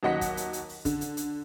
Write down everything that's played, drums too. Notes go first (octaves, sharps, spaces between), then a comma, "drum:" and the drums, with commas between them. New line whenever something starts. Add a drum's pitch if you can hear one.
D#2 F#3 D#5 F#5 B6
drum: kick, hi-hat
drum: hi-hat
drum: hi-hat
drum: open hi-hat
D3, drum: kick, hi-hat
drum: hi-hat
drum: hi-hat